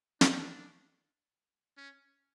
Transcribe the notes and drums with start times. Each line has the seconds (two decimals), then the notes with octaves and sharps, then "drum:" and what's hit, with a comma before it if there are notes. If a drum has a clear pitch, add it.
0.21 D4, drum: snare
1.77 C#4